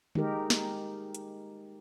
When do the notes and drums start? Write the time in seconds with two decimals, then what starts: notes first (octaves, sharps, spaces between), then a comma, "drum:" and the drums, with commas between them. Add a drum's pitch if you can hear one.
0.15 G#3 D#4 G4 A#4, drum: tom
0.50 drum: snare
1.14 drum: hi-hat